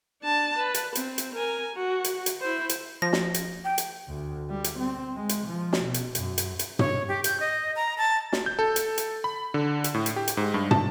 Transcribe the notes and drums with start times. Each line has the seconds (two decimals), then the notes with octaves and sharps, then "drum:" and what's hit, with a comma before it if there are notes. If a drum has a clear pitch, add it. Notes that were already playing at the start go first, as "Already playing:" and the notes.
0.23 D4 A5
0.58 B4
0.74 drum: hi-hat
0.95 C4, drum: hi-hat
1.18 drum: hi-hat
1.35 A#4 G#5
1.75 F#4
2.04 drum: hi-hat
2.26 drum: hi-hat
2.41 E4 C5
2.69 drum: hi-hat
3.02 F3 A#6
3.13 drum: snare
3.34 drum: hi-hat
3.65 G5
3.78 drum: hi-hat
4.08 D2
4.50 G3
4.64 drum: hi-hat
4.78 C4
5.15 G#3
5.29 drum: hi-hat
5.47 F3
5.73 drum: snare
5.83 B2
5.94 drum: hi-hat
6.15 F#2, drum: hi-hat
6.38 drum: hi-hat
6.59 drum: hi-hat
6.79 C#5, drum: tom
7.08 G4
7.24 G6, drum: hi-hat
7.40 D#5
7.76 A#5
7.98 A5
8.33 drum: snare
8.46 G6
8.59 A4
8.76 drum: hi-hat
8.98 drum: hi-hat
9.24 B5
9.54 D3
9.84 drum: hi-hat
9.94 A2
10.06 drum: hi-hat
10.16 G4
10.28 drum: hi-hat
10.37 G#2
10.54 G2
10.71 A5, drum: tom